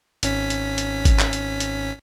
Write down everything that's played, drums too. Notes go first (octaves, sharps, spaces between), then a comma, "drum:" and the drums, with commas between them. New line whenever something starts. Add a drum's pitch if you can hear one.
G#1 C#4 B6, drum: hi-hat
drum: hi-hat
drum: hi-hat
drum: kick G#1, hi-hat
drum: clap
drum: hi-hat
drum: hi-hat